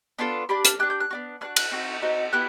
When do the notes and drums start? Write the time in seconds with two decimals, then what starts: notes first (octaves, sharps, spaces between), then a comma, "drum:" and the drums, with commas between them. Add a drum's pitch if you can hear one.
0.19 B3 D4 F4 A4
0.49 D4 G4 B5
0.65 F6, drum: hi-hat
0.79 D4 G4 F#6
0.90 G6
1.00 F#6
1.11 B3 D4 F#4
1.41 B3 D4 F#4 F#6
1.56 F#6, drum: cymbal
1.71 C4 D#4 F#4
2.02 C4 D#4 F#4
2.32 B3 E4 G4 F#6